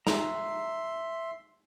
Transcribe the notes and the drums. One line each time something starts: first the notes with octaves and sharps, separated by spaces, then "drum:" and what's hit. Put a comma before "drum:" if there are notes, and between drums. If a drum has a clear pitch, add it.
E5 A#5 C6, drum: snare